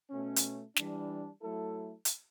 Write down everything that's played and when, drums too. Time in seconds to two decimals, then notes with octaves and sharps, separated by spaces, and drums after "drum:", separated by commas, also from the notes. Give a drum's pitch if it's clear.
0.11 B2 A3 C#4
0.36 drum: hi-hat
0.76 E3 G3 D4, drum: snare
1.42 F#3 A3 E4 A4
2.05 drum: hi-hat